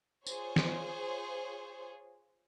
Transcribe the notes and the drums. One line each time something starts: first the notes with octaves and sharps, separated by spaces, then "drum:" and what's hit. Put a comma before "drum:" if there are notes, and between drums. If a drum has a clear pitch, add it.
F4 G#4 C5 C#5, drum: tambourine
drum: snare